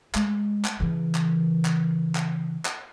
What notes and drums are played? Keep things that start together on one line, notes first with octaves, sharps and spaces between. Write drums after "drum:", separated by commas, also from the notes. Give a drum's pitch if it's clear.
G#3, drum: clap
drum: clap
C#3 E3
drum: clap
drum: clap
drum: clap
drum: clap